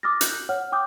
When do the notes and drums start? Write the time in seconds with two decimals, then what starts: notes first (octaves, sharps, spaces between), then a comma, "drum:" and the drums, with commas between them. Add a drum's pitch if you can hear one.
0.03 D6 D#6 F6 A6 A#6
0.21 F#6 G6 F#7, drum: hi-hat
0.49 C#5 F#5 F6
0.72 G5 D6 D#6 G6